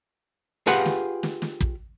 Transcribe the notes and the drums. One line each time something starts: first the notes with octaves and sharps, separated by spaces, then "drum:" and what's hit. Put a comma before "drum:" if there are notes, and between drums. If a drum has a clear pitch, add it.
F4 G4 G#4 B4 F#5
drum: snare
drum: snare
drum: snare
drum: kick